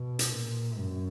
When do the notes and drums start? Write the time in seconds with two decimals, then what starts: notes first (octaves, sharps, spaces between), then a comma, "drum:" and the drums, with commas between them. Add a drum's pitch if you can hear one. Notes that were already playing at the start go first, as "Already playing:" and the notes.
Already playing: B2
0.19 drum: hi-hat
0.31 A#2
0.79 F#2